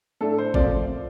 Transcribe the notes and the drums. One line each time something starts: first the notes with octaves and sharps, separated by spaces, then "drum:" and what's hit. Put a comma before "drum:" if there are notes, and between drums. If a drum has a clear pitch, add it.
A2 A3 D4 A4
C5
A#2 F3 C4 D5, drum: kick G#1